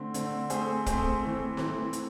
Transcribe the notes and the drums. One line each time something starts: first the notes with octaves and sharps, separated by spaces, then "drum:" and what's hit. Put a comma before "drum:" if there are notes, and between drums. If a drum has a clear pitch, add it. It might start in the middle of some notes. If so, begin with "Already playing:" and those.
Already playing: D3 A3 C4
D3 A3 C4, drum: hi-hat
A3 C4 G#4 C5, drum: hi-hat
A3 C4 G#4 C5, drum: kick, hi-hat
E3 A3 C4
E3 A3 C4, drum: snare
A3, drum: hi-hat